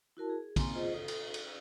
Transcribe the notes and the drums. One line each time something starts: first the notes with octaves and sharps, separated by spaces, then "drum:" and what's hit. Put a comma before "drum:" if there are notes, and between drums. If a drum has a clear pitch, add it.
E4 F#4 A#4 A5
G#4
A#3 C4 G#5 A#5 C6, drum: kick, cymbal
F4 G#4 C5 D#5
A4 D#6
drum: cymbal
drum: cymbal